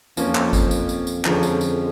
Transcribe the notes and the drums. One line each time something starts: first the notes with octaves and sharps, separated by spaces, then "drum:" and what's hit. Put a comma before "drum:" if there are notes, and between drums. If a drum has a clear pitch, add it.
F2 F3 A#3 C#4, drum: tambourine
drum: clap
drum: kick G#1, tambourine
drum: tambourine
drum: tambourine
drum: tambourine
F2 D3 F3 G#3 C#4, drum: clap
drum: tambourine
drum: tambourine